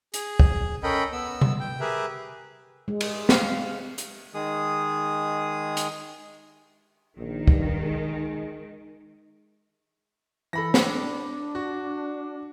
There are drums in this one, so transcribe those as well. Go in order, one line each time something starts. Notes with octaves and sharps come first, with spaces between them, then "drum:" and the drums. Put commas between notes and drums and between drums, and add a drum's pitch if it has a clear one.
G#4, drum: hi-hat
drum: kick
C#4 A4 A#4 D#5 G5 B5
B3 E6
drum: tom C3
G5
G4 G#4 A#4 B4 E5
G#3
drum: cymbal
F5, drum: snare
drum: hi-hat
D#3 G#3 G#4 D#6
drum: hi-hat
A#1 D#3
G2, drum: kick
G#3
E3 A4 B5 A#6
D4, drum: snare
F#4